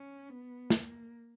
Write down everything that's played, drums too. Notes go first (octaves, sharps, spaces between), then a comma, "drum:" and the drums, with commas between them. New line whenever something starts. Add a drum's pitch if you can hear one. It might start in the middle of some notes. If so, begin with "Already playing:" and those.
Already playing: C#4
B3
A#3, drum: snare